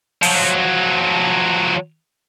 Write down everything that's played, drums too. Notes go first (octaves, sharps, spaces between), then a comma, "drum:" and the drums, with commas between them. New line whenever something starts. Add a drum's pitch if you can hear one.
F3 F#3, drum: open hi-hat